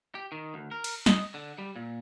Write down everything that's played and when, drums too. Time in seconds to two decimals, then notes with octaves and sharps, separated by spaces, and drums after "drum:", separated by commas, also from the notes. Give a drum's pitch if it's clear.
0.15 G4
0.32 D#3
0.54 D2
0.71 A#4
0.84 drum: cymbal
1.06 D#5, drum: snare
1.34 D3
1.58 G3
1.76 A#2